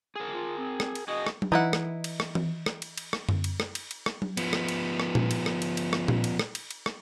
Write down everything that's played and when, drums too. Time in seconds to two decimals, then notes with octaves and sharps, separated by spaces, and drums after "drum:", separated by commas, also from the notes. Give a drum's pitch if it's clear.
0.16 G#4 A#4
0.30 F4
0.58 C4
0.80 drum: rim click
0.95 drum: cymbal
1.08 F#4 G#4 D#5
1.27 drum: rim click
1.42 drum: tom F#3
1.52 E3 D#4 E4 F#5
1.73 drum: rim click
2.04 drum: cymbal
2.20 drum: rim click
2.35 drum: tom E3
2.66 drum: rim click
2.82 drum: cymbal
2.97 drum: cymbal
3.13 drum: rim click
3.29 drum: tom F#2
3.44 drum: cymbal
3.60 drum: rim click
3.75 drum: cymbal
3.91 drum: cymbal
4.06 drum: rim click
4.22 drum: tom F#3
4.37 F3 B3, drum: cymbal
4.53 drum: rim click
4.68 drum: cymbal
5.00 drum: rim click
5.15 drum: tom A#2
5.31 drum: cymbal
5.46 drum: rim click
5.62 drum: cymbal
5.77 drum: cymbal
5.93 drum: rim click
6.08 drum: tom A#2
6.24 drum: cymbal
6.39 drum: rim click
6.55 drum: cymbal
6.71 drum: cymbal
6.86 drum: rim click